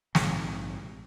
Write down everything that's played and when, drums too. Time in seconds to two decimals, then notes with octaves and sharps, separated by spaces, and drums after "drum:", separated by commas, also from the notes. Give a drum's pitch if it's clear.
0.15 A#1 G#2 C3, drum: snare